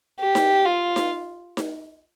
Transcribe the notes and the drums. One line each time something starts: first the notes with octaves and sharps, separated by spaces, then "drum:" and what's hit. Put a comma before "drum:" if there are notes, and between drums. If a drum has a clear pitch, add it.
G4
drum: snare D#4
F4
drum: snare D#4
drum: snare D#4